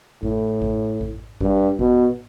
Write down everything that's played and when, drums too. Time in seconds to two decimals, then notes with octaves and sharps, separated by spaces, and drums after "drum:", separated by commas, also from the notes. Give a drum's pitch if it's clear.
0.23 A2, drum: kick A1
0.62 drum: kick A1
1.01 drum: kick A1
1.41 G2, drum: kick A1
1.79 B2, drum: kick A1